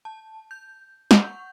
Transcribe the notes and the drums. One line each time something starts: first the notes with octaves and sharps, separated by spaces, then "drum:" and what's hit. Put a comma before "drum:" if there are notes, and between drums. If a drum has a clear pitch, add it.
A5
G6
F#5 C#6 G6, drum: snare